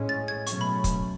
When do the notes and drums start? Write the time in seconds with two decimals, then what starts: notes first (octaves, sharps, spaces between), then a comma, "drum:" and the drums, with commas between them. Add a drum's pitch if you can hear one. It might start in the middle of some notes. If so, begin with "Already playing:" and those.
Already playing: A2 G#3 C#4
0.09 A6
0.28 G#6
0.47 B2 F#3 A3 C#4 C#6, drum: hi-hat
0.61 B5
0.84 drum: kick, hi-hat